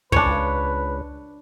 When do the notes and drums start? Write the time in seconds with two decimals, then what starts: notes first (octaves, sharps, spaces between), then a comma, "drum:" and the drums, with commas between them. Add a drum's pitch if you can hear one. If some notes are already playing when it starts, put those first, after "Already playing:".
0.12 C#2 D4 B4 C#5, drum: kick